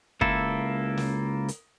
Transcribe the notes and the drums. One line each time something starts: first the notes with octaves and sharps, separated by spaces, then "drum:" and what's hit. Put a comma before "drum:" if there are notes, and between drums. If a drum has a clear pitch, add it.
C#2 A#3 E4 A4, drum: kick
drum: snare
drum: hi-hat